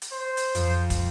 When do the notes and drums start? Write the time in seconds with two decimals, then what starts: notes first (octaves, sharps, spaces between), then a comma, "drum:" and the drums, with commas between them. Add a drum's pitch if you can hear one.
0.02 drum: hi-hat
0.12 C5
0.37 drum: hi-hat
0.55 F2, drum: hi-hat
0.90 drum: kick, hi-hat